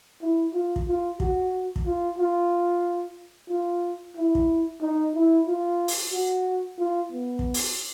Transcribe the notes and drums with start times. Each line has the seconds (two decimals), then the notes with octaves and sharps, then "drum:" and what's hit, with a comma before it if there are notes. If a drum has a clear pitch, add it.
0.21 E4
0.54 F4
0.76 drum: kick
0.87 F4
1.20 F#4, drum: kick
1.76 drum: kick
1.86 F4
2.18 F4
3.49 F4
4.16 E4
4.35 drum: kick
4.81 D#4
5.14 E4
5.47 F4
5.88 drum: open hi-hat
6.12 F#4
6.78 F4
7.12 B3
7.39 drum: kick
7.54 drum: open hi-hat